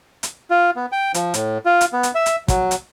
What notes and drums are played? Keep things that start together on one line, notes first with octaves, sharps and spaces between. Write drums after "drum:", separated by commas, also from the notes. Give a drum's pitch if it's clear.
drum: hi-hat
F4
B3
G5
F3, drum: hi-hat
A2, drum: hi-hat
F4
drum: hi-hat
B3
drum: hi-hat
E5
drum: hi-hat
F#3, drum: kick, hi-hat
drum: hi-hat